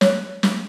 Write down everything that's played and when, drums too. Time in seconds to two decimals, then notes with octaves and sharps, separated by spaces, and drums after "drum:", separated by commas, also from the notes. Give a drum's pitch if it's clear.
0.01 C#5, drum: snare
0.43 drum: snare